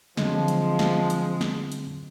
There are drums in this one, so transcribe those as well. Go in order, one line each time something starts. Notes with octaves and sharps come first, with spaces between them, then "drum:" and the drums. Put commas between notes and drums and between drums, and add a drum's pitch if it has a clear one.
D3 F3 F#3 G#3 C4, drum: snare
drum: hi-hat
drum: snare
drum: hi-hat
drum: snare
drum: hi-hat